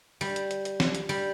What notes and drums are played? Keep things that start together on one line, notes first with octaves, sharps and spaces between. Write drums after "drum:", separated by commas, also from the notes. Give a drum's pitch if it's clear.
G3, drum: open hi-hat
drum: hi-hat
drum: hi-hat
drum: hi-hat
drum: snare
drum: hi-hat
G3, drum: open hi-hat